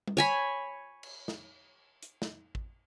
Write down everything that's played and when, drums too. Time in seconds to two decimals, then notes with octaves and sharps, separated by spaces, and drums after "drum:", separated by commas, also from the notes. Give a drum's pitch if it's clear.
0.07 drum: tom G3
0.17 C#5 G#5 B5
1.03 drum: cymbal
1.28 drum: snare
2.03 drum: hi-hat
2.22 drum: snare
2.55 drum: kick